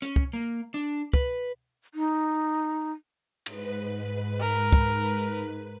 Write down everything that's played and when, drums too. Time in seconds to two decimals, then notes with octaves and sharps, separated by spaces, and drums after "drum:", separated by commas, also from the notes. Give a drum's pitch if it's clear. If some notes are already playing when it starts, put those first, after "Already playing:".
0.02 C#4, drum: hi-hat
0.16 drum: kick
0.33 A#3
0.74 D4
1.13 B4, drum: kick
1.94 D#4
3.46 G#2 B4, drum: cymbal
4.40 A#4
4.72 drum: kick